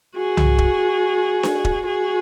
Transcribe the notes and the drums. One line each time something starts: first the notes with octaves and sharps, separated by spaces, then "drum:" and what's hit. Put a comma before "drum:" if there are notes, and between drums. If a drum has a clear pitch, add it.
F#4 G#4
drum: tom C2
drum: kick D#1
drum: snare D4
drum: kick D#1
F#4 G#4